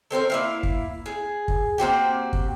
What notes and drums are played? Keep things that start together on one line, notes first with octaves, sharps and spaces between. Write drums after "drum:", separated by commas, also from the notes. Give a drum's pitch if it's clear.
A3 C4 A#4 C5
A#3 E4 F5
drum: kick
G#4
drum: kick
A#3 C4 F#4 G4
drum: kick